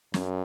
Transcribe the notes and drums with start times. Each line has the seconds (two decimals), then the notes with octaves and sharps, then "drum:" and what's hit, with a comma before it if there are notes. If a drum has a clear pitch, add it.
0.14 F#2, drum: snare